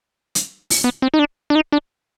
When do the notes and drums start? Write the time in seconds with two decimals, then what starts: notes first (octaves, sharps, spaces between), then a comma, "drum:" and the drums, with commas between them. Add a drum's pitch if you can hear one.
0.35 drum: hi-hat
0.70 drum: open hi-hat
0.84 B3
1.02 C4
1.14 D#4
1.19 D4
1.50 D4
1.55 D#4
1.72 D4